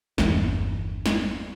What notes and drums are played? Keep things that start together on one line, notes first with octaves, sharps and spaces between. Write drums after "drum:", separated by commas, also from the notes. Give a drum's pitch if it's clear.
G1 E2, drum: snare
drum: snare